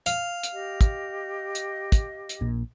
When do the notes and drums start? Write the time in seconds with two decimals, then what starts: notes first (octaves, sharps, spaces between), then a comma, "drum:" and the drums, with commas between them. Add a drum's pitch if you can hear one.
0.06 F5, drum: hi-hat
0.43 drum: hi-hat
0.53 G4 D#5
0.81 drum: kick, hi-hat
1.55 drum: hi-hat
1.92 drum: kick, hi-hat
2.29 drum: hi-hat
2.41 A#1 A#2